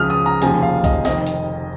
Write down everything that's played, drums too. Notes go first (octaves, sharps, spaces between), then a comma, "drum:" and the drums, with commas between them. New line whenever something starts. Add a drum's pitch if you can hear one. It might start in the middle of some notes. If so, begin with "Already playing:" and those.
Already playing: C#2 C#3 F3 D#6 F6
D#6
A#5
F1 D#2 C#3 F3 G#5, drum: hi-hat
F5
D#5, drum: kick A#1, hi-hat
F1 F2 D#3 D#5, drum: snare
drum: hi-hat